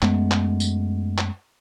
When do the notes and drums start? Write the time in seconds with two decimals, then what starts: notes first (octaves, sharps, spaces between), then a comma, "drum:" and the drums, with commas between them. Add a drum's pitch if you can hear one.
0.02 F#2 G#3 A3 B3, drum: clap
0.31 drum: clap
0.60 drum: tambourine
1.18 drum: clap